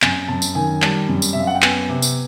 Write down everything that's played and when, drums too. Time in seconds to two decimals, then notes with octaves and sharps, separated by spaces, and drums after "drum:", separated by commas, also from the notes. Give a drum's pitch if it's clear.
0.02 F#2 G#5, drum: clap
0.29 F#2 A5
0.42 drum: tambourine
0.55 D#3 G#5
0.82 G3 A5, drum: clap
1.08 F#2
1.22 drum: tambourine
1.33 E5
1.35 F#2 F5
1.47 F#5
1.55 G5
1.62 B3 G#5, drum: clap
1.89 C3
2.02 drum: tambourine